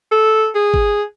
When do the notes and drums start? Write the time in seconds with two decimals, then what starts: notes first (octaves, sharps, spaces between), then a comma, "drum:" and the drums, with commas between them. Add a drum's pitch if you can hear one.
0.12 A4
0.55 G#4
0.74 drum: kick